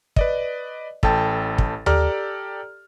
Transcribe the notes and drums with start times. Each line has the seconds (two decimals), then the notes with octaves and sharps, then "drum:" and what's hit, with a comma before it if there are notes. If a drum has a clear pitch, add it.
0.16 B4 D5 D#5, drum: kick
1.03 A1 A4 G5 A5 A6, drum: kick
1.58 drum: kick
1.86 G4 A4 D5 A#5 F6, drum: tom D#2